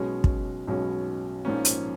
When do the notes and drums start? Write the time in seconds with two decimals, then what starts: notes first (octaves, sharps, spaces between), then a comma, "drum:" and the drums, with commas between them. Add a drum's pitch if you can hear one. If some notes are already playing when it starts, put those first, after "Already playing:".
Already playing: B1 B2 G#3 C#4
0.24 drum: kick
0.67 B1 B2 G#3 C#4
1.45 A#1 G#2 F3 A#3 C#4
1.65 drum: hi-hat